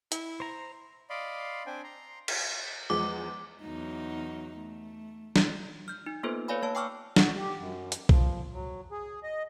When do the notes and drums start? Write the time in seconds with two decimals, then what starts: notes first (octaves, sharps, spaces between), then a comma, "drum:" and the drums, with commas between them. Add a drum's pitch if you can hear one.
0.12 E4, drum: hi-hat
0.40 C5 A#5
1.10 D5 D#5 F5 B5 C6
1.66 C4 D4 C5 G5 G#5
1.84 A#5 C6
2.28 drum: cymbal
2.90 E2 F3 G#3 D6
3.62 E2 F#3 D#4
4.57 A3
5.36 drum: snare
5.88 F6 G6
6.06 D#4
6.23 A#3 B3 F4 A4 B4 C5
6.48 B4 C#5 D5 F5 G#5 B5
6.62 A#3 C#5 A5
6.75 G5 G#5 C#6 D6 E6 F6
7.16 F#4, drum: snare
7.36 G4
7.59 F#2
7.92 drum: hi-hat
8.09 F3, drum: kick B1
8.54 F#3
8.91 G#4
9.23 D#5